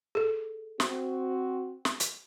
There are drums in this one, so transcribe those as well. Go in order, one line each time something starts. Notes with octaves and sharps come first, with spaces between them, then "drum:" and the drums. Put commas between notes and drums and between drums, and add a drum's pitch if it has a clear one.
G#4 A4
C4 F#4, drum: snare
drum: snare
drum: hi-hat